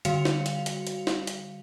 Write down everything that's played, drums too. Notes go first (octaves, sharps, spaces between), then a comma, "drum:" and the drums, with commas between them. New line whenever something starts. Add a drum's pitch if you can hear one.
D3 G3 F#4 F5 C#7 F7, drum: hi-hat
drum: snare
drum: hi-hat
drum: hi-hat
drum: hi-hat
drum: snare
drum: hi-hat